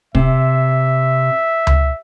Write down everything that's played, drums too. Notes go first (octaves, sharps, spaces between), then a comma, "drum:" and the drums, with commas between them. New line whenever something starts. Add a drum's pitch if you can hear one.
C3 E5, drum: kick
drum: tom C#2